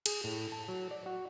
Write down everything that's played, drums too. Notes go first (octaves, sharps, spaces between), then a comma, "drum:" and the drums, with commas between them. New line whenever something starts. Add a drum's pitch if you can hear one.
G#4, drum: cymbal
A2
A5
F#3
D5
F#4